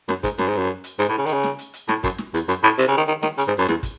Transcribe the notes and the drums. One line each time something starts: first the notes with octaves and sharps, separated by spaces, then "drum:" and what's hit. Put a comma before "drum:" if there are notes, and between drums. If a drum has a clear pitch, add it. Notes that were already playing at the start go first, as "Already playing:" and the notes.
F#2, drum: snare
G#2, drum: kick, hi-hat
F#2, drum: snare
G#2
F#2
drum: hi-hat
G#2, drum: hi-hat
A2
C#3
D#3, drum: hi-hat
C#3
drum: snare
drum: hi-hat
drum: hi-hat
A2, drum: snare
F#2, drum: kick, hi-hat
drum: snare
E2, drum: hi-hat
F#2, drum: hi-hat
A2, drum: hi-hat
C3, drum: hi-hat
C#3
D#3
D#3
D#3, drum: snare
C#3, drum: hi-hat
G#2
F#2
E2, drum: snare
drum: kick, hi-hat